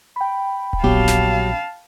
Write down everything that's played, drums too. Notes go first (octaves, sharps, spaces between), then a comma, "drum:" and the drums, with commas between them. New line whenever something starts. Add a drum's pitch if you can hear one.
G5 B5
drum: kick D1
A#1 F#3 B3 G4 F5 A5
drum: snare